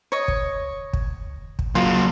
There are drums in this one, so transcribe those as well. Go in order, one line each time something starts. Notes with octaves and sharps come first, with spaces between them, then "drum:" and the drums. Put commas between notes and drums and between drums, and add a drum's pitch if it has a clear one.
C#5 D#5
drum: kick
drum: kick
drum: kick
F#3 A#3 F4